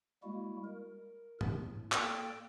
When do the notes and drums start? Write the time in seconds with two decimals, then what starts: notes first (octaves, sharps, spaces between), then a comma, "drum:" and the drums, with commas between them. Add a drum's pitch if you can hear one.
0.23 G3 G#3 A#3 E4 F#4
0.64 A#4
1.41 A2, drum: tom G#2
1.92 A#3 A4 D5 G5, drum: clap